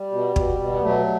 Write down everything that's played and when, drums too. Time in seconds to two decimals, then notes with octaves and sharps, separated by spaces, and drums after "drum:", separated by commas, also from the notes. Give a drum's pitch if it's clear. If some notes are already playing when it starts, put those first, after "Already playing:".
Already playing: G3
0.12 B2
0.36 B2, drum: kick
0.60 B2
0.73 B3
0.83 B2 F#3 A3